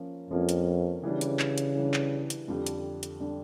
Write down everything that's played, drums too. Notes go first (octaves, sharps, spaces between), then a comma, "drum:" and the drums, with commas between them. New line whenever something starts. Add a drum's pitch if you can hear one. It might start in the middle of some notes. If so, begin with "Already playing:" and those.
Already playing: F3 A#3 C#4
F2 F3 A#3 C#4
drum: hi-hat
C#3 E3 G3 D4
drum: hi-hat
drum: clap
drum: hi-hat
E3 G3 D4
drum: clap
drum: hi-hat
F2 D3 G3 D4 G4
drum: hi-hat
drum: hi-hat
D3 G3 D4 G4